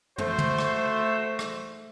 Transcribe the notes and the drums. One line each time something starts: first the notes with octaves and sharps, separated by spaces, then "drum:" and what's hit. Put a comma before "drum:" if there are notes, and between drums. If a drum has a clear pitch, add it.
A3 F#4 C5, drum: tom
drum: tom
drum: rim click
drum: rim click